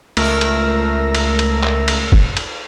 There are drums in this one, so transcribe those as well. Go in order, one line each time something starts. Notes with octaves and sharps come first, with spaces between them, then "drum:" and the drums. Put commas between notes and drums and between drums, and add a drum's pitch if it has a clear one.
C#2 A3 A#4 E6 A#6, drum: cymbal
drum: cymbal
drum: cymbal
drum: cymbal
drum: clap
drum: cymbal
drum: kick
drum: cymbal